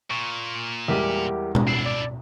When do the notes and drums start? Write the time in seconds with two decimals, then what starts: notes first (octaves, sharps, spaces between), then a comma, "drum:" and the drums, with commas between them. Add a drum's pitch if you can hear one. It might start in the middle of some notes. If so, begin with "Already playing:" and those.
0.11 A#2 C#6
0.88 E2 G3 G#3 G4 A#4 E5
1.55 drum: tom B2
1.68 D4 E4 C7
1.86 D5